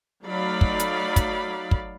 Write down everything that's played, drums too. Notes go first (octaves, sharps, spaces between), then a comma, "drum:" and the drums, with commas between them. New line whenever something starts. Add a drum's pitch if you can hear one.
F#3 A3 D#4 D5 F5 B5
drum: kick
drum: hi-hat
drum: kick, hi-hat
drum: kick